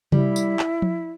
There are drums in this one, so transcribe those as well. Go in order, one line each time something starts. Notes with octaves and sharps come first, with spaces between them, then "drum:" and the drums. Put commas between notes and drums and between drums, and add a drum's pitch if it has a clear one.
G3 E4, drum: tom C3
drum: tambourine
drum: clap
drum: tom F3